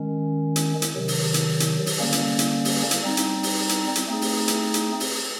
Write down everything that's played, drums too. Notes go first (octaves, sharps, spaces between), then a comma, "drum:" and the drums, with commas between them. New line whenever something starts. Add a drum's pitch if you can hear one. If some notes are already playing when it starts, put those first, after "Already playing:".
Already playing: D#3 G#3 C#4
drum: hi-hat
drum: hi-hat
C3 D#3 F#3
drum: open hi-hat
drum: hi-hat
drum: hi-hat
drum: open hi-hat
D3 G3 A#3 C#4
drum: hi-hat
drum: hi-hat
drum: open hi-hat
drum: hi-hat
G3 C4 D#4
drum: hi-hat
drum: open hi-hat
drum: hi-hat
drum: hi-hat
A3 C4 D#4 G#4
drum: open hi-hat
drum: hi-hat
drum: hi-hat
drum: open hi-hat